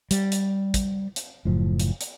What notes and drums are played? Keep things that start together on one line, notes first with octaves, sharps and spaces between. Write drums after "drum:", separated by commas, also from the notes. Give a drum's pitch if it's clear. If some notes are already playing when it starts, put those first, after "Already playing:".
G3, drum: hi-hat
drum: hi-hat
drum: kick, hi-hat
drum: hi-hat
F#1 A2 F3
drum: hi-hat
drum: hi-hat